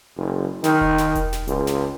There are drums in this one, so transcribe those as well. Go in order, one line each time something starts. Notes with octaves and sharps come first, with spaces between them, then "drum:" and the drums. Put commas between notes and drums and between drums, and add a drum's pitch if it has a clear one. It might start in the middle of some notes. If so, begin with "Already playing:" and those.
F#1
D#3, drum: snare
drum: kick E1
drum: snare
drum: kick E1, hi-hat
drum: snare
C#2, drum: hi-hat
drum: snare